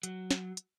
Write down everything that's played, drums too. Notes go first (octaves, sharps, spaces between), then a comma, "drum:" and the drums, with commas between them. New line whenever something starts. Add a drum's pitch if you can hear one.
F#3, drum: hi-hat
drum: snare
drum: hi-hat